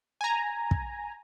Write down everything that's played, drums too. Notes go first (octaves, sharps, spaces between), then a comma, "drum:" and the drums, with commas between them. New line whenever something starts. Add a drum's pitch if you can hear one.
G#5 A#5
drum: kick